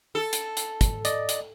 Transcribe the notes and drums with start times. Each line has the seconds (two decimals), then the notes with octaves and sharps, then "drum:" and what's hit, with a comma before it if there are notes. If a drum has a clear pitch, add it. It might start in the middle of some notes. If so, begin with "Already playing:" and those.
0.15 A4
0.33 drum: hi-hat
0.57 drum: hi-hat
0.81 drum: kick, hi-hat
1.05 D5 D#5, drum: hi-hat
1.29 drum: hi-hat